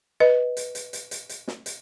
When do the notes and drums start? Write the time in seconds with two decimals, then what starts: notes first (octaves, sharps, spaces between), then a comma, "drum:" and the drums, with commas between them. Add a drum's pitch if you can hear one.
0.20 B4 D#5
0.57 drum: hi-hat
0.75 drum: hi-hat
0.93 drum: hi-hat
1.11 drum: hi-hat
1.29 drum: hi-hat
1.48 drum: snare
1.66 drum: hi-hat